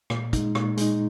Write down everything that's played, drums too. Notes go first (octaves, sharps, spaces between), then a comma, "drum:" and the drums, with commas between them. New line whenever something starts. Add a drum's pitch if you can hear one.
A#2, drum: rim click
G#3 D#4, drum: kick, hi-hat
A#2, drum: rim click
G#3 D#4, drum: hi-hat